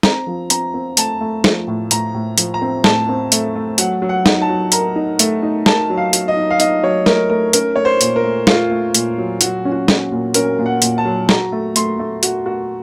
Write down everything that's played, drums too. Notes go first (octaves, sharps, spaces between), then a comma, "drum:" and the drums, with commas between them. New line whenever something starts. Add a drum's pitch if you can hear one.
C4 A#5, drum: snare
F3
C4 A#5, drum: hi-hat
C4
A3 A5, drum: hi-hat
A3
F3, drum: snare
A2
A2 A#5, drum: hi-hat
A2
F3, drum: hi-hat
A#5
C4
A2 A5, drum: snare
C4
A3, drum: hi-hat
A3
F#3 F#5, drum: hi-hat
F#3
F#5
D#4, drum: snare
A5
F#3
A#4 A#5, drum: hi-hat
D#4
A3, drum: hi-hat
D#4
A#4 A5, drum: snare
F#3
F5
F#3, drum: hi-hat
D#5
D#4
F5
D#4 D#5, drum: hi-hat
F#3 C#5
A3 A#4, drum: snare
A3 A#4
C#4 A#4, drum: hi-hat
A3 C#5
C5
A#2, drum: hi-hat
A#4
A3
A3 F4, drum: snare
A3
A#2, drum: hi-hat
F#3
F#3 F#4, drum: hi-hat
C#4
F#4
C#4, drum: snare
A#2
C#4 A#4, drum: hi-hat
A#2
F#5
A#2, drum: hi-hat
A5
F#3
F#4 A#5, drum: snare
A3
A3 C6, drum: hi-hat
A3
F#4, drum: hi-hat
F#4